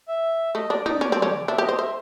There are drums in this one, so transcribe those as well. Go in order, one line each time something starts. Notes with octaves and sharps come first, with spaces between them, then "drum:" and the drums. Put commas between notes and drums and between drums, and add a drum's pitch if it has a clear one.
E5
A3 D#5
D4 D5
D#4 D5, drum: tom
C#4
C4
C#4
D4 E5
G4
D#5
C5
C5 E5